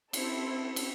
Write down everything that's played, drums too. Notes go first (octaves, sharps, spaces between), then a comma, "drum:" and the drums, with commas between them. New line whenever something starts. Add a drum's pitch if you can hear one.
C4 E4 A4 C5, drum: cymbal
drum: cymbal